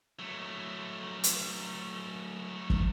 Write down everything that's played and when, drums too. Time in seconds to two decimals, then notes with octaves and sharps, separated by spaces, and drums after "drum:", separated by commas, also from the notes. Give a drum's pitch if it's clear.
0.19 F#3 A3
1.24 drum: hi-hat
2.70 drum: kick